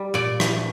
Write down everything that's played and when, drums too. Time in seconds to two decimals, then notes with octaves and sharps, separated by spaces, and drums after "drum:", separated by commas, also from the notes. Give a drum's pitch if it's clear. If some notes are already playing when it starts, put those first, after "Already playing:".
Already playing: G3
0.14 A#2 D5
0.40 drum: rim click